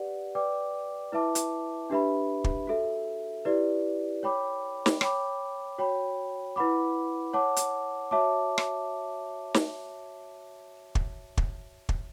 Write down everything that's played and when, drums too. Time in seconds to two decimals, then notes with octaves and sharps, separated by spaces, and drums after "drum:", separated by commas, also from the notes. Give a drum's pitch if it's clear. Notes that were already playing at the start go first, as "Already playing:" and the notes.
Already playing: G4 B4 D5 F#5
0.35 B4 D5 G5 D6
1.12 E4 B4 E5 A5 D6
1.35 drum: hi-hat
1.90 D4 G4 B4 E5 B5
2.44 drum: kick
2.67 F#4 A4 E5
3.45 E4 G4 B4 D5
4.23 C#5 G5 B5 D6
4.86 drum: snare
5.01 C#5 G5 B5 D6, drum: rim click
5.78 F#4 C#5 G5 B5
6.56 E4 B4 F#5 B5 D6
7.33 C#5 F#5 A5 D6
7.56 drum: hi-hat
8.11 F#4 C#5 E5 A5 D6
8.58 drum: rim click
9.54 drum: snare
10.95 drum: kick
11.37 drum: kick
11.89 drum: kick